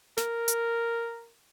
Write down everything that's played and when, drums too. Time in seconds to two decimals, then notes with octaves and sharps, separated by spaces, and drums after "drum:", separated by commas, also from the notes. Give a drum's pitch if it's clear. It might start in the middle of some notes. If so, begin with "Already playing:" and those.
0.17 A#4, drum: snare
0.48 drum: hi-hat